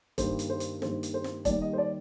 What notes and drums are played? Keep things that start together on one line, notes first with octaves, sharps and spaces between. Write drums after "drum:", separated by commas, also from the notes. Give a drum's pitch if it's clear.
G2 D#3 A#3 C5, drum: kick E1, hi-hat
drum: hi-hat
C5
drum: hi-hat
G2 D#3 A#3 C5, drum: snare
drum: hi-hat
C5
drum: snare
D#2 D#3 G3 D5, drum: kick E1, hi-hat
D#5
C5
D5